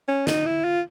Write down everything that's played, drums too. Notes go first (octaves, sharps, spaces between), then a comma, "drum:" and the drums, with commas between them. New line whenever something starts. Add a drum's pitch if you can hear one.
C#4
D#4, drum: snare
E4
F4